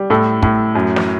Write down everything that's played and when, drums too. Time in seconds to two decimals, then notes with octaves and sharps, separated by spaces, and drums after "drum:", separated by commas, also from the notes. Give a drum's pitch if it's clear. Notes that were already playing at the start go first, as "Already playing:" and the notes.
Already playing: G3
0.10 A2 A4
0.43 A2, drum: kick
0.75 F#2
0.96 drum: snare